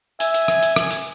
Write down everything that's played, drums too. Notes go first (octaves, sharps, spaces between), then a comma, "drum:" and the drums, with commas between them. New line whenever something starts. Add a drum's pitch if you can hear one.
E5 G#5, drum: hi-hat
drum: hi-hat
drum: rim click
drum: hi-hat
drum: rim click
drum: hi-hat